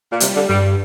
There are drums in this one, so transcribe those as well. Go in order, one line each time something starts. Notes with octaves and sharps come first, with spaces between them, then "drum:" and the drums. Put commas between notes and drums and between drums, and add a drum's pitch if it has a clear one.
A#2
C3 G3, drum: hi-hat
D3
G2 G3